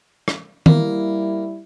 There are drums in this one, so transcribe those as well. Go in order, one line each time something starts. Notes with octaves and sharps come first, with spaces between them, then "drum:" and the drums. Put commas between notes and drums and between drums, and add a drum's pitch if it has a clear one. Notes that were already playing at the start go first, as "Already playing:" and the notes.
drum: rim click
G3 A#3 E4, drum: tom D#3